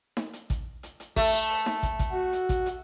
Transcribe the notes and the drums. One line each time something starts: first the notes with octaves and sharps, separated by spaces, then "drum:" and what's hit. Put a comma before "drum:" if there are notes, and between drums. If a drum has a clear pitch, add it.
drum: snare D#4
drum: hi-hat
drum: kick, hi-hat
drum: hi-hat
drum: hi-hat
A3, drum: kick, hi-hat
drum: hi-hat
drum: open hi-hat
drum: snare D#4
drum: kick, hi-hat
drum: kick, hi-hat
F#4
drum: hi-hat
drum: kick, hi-hat
drum: hi-hat